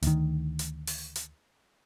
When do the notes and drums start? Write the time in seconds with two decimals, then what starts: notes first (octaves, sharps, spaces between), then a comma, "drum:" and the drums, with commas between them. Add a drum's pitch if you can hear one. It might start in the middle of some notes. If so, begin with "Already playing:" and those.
0.03 D2 D#3, drum: hi-hat
0.59 drum: hi-hat
0.87 drum: open hi-hat
1.16 drum: hi-hat